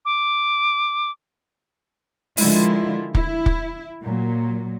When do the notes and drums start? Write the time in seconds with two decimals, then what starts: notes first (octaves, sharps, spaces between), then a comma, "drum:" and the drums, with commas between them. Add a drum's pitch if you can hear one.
0.05 D6
2.37 D3 D#3 F3 G#3 E4 F4, drum: open hi-hat
3.15 E4, drum: kick
3.46 drum: kick
4.03 A#2 F#3